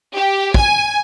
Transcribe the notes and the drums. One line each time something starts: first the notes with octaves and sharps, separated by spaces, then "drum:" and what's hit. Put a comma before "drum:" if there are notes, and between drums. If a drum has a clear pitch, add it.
G4
G#5, drum: kick